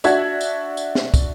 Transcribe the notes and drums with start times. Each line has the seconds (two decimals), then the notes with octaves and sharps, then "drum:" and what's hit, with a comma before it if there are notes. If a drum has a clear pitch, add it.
0.04 D4 F#4 E5 G#6, drum: tambourine
0.41 drum: tambourine
0.77 drum: tambourine
0.95 drum: snare
1.14 drum: kick, tambourine